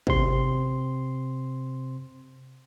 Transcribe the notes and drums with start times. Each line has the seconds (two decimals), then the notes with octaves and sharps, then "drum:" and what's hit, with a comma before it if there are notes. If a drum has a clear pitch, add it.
0.07 C3 C4 C6, drum: kick